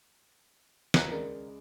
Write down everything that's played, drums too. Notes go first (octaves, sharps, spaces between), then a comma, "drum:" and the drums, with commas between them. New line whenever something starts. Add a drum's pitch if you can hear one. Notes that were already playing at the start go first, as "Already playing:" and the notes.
D#2 D4 B4 A#5 F#6 C#7, drum: snare
C#2 G#3 A#4 D5